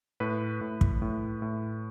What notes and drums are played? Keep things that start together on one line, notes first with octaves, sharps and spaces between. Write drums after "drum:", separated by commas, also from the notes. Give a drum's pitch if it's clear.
A2 B4
A2
drum: kick
A2
A2